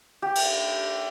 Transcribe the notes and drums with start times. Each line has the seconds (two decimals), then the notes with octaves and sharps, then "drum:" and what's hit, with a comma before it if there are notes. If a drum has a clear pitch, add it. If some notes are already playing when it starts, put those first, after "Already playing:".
0.22 G4
0.35 drum: cymbal